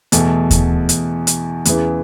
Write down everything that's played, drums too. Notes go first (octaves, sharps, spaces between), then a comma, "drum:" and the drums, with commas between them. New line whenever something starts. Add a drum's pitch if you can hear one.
E2 B2 A3, drum: hi-hat
drum: kick D#2, hi-hat
drum: hi-hat
drum: hi-hat
E2 C#3 E3, drum: hi-hat